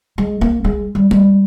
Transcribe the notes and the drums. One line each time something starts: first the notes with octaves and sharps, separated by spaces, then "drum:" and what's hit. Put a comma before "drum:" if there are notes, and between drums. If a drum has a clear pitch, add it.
G#3
A#3
G#3
G3
G3, drum: tom G#3